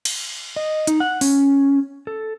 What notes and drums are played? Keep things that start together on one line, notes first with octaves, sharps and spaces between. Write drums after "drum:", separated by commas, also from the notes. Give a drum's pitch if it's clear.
drum: cymbal
D#5
D#4, drum: hi-hat
F#5
C#4, drum: open hi-hat
A4